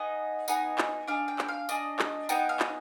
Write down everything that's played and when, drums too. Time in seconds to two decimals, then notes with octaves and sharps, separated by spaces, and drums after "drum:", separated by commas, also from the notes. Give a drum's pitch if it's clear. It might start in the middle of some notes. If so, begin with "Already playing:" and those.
Already playing: B3 D#4 G#4 D#5
0.48 B3 D#4 G#4, drum: tambourine
0.78 drum: clap
1.08 D4 G#4 F5
1.28 G5
1.39 drum: clap
1.49 F5
1.69 D4 G#4 D#5, drum: tambourine
1.99 drum: clap
2.29 B3 D#4 G#4 G5, drum: tambourine
2.49 F5
2.60 drum: clap